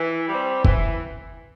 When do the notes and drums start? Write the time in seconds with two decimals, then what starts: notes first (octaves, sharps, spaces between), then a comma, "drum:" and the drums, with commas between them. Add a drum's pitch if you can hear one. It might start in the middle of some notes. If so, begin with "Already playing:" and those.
Already playing: E3
0.28 G3 C4
0.65 E3, drum: kick